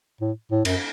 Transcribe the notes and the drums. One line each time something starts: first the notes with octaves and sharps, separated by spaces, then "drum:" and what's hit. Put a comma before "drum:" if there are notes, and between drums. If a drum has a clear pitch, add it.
A2
A2
F#2, drum: cymbal